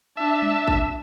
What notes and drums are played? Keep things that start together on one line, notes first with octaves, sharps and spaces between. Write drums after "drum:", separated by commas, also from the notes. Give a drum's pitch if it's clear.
D4 E5 A5
drum: tom G3
drum: kick